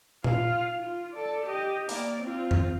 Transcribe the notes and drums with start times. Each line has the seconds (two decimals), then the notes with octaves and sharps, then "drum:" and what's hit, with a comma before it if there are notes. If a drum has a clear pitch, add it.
0.24 F4 F5, drum: tom A#2
0.78 F4
1.13 A4 D5
1.45 G4 D#5
1.89 A#3 D5, drum: open hi-hat
2.21 C4 F4
2.51 drum: tom F2